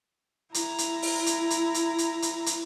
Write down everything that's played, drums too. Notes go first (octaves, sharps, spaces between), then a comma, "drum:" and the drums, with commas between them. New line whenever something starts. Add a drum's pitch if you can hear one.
E4 A#5, drum: hi-hat
drum: hi-hat
drum: open hi-hat
drum: hi-hat
drum: hi-hat
drum: hi-hat
drum: hi-hat
drum: hi-hat
drum: hi-hat